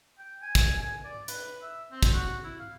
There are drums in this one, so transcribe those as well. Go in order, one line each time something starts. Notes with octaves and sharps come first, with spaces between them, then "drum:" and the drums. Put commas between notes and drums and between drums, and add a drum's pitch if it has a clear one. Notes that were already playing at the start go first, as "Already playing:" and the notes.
G5
G#5
drum: kick, hi-hat
G#5
D5
B4, drum: hi-hat
E5
C4
drum: kick, hi-hat
F#4
E4
F5